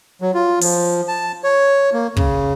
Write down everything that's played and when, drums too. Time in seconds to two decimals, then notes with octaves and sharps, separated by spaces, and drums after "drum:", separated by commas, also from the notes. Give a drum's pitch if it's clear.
0.22 F#3
0.34 F4
0.61 F3, drum: open hi-hat
1.08 A5
1.44 C#5
1.93 A#3
2.17 C#3, drum: kick